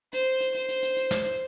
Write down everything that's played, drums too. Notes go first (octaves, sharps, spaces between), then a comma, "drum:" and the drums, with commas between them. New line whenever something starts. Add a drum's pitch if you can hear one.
C5, drum: hi-hat
drum: hi-hat
C5, drum: hi-hat
drum: hi-hat
drum: hi-hat
drum: hi-hat
drum: snare
drum: hi-hat